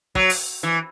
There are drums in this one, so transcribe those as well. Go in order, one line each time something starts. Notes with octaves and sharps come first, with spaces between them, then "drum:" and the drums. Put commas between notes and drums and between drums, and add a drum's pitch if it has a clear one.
F#3, drum: kick
drum: open hi-hat
E3